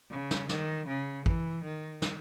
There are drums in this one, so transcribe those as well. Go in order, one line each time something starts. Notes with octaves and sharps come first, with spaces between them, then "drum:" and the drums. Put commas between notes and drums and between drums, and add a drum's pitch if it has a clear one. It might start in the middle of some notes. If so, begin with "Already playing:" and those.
C#3
drum: snare
D#3, drum: snare
C#3
E3, drum: kick
D#3
drum: snare